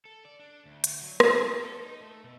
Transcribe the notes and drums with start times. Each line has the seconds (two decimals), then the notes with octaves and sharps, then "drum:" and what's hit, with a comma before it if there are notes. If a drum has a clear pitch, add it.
0.05 A4
0.25 D5
0.39 D4
0.65 D2
0.84 drum: hi-hat
1.01 F#3
1.20 G#4, drum: rim click
1.48 G5
1.63 A4
1.82 D#4
2.01 A3
2.23 B2